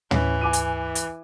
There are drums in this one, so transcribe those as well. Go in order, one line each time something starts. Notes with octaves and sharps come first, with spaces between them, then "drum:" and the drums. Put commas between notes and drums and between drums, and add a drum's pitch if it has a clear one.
E3 C#4, drum: tom
G#5 D6 D#7
drum: hi-hat
drum: hi-hat